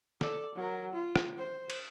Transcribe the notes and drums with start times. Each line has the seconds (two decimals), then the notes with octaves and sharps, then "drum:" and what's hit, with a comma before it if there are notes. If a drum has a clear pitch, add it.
0.21 A4 D5, drum: snare
0.55 F#3 A#4
0.93 F4
1.16 drum: rim click
1.38 C5
1.70 drum: cymbal